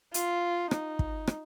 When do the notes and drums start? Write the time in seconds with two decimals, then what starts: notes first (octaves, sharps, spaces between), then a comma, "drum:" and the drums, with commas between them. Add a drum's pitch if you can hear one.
0.14 F4, drum: hi-hat
0.71 D#4, drum: rim click
0.99 drum: kick
1.27 drum: rim click